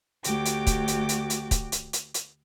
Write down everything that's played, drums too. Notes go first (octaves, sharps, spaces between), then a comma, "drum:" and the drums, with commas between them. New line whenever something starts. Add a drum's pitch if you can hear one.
D2 A3 F#4 G4 G5 D6, drum: hi-hat
drum: hi-hat
drum: kick, hi-hat
drum: hi-hat
drum: hi-hat
drum: hi-hat
drum: kick, hi-hat
drum: hi-hat
drum: hi-hat
drum: hi-hat